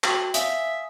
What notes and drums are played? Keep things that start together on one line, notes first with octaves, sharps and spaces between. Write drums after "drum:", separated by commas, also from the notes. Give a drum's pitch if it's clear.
F#4 G5 F#7, drum: clap
E5 F5 G#5 D#6, drum: hi-hat